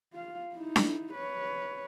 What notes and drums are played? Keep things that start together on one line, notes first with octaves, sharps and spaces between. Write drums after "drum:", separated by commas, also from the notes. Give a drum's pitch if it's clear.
F4 F5
D#4 E4
drum: snare D4
B4 C#5